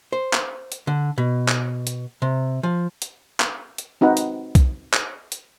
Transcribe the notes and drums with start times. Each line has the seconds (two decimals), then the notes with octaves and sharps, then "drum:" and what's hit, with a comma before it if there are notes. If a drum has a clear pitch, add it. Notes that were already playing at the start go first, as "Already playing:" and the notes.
0.13 C5
0.33 drum: clap
0.72 drum: hi-hat
0.87 D3
1.18 B2
1.48 drum: clap
1.87 drum: hi-hat
2.22 C3
2.63 F3
3.02 drum: hi-hat
3.40 drum: clap
3.78 drum: hi-hat
4.01 C4 D#4 F#4 B4 F#5
4.17 drum: hi-hat
4.55 drum: kick B1, hi-hat
4.93 drum: clap
5.32 drum: hi-hat